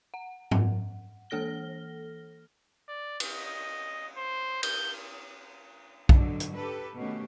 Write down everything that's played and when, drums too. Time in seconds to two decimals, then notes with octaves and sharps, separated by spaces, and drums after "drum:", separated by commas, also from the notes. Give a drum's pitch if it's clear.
0.14 F#5
0.51 drum: tom G#2
1.30 E3 A#3 A4 F6 A#6 G7
2.89 D5
3.20 drum: cymbal
3.31 D#5
4.17 C5
4.63 G6, drum: cymbal
6.09 G#2 B2 D3 F#3, drum: kick B1
6.40 drum: hi-hat
6.55 G4 A4 B4
6.96 B2 D#3 A3 C#4 G4